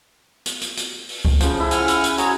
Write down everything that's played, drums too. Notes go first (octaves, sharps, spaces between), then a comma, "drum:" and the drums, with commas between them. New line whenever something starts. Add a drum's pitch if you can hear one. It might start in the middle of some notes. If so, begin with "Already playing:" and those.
drum: hi-hat
drum: hi-hat
drum: hi-hat
drum: open hi-hat
drum: kick C#2
C#3 F3, drum: hi-hat
E4
F#5 G#5 F6, drum: hi-hat
drum: hi-hat
drum: hi-hat
F#4 G#4 C#5 A#5, drum: hi-hat